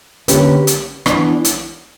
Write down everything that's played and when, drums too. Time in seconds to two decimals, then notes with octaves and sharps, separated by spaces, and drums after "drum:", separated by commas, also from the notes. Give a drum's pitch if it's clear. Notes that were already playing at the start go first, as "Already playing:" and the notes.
0.28 D3 A#3 C#4 G4 B4, drum: hi-hat
0.67 drum: hi-hat
1.06 E3 B3 D4, drum: rim click
1.45 drum: hi-hat